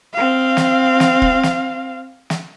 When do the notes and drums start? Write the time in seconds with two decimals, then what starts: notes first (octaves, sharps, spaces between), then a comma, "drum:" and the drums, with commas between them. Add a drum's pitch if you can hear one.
0.13 C4 F5
0.57 drum: snare
1.00 drum: snare
1.22 drum: kick
1.43 drum: snare
2.30 drum: snare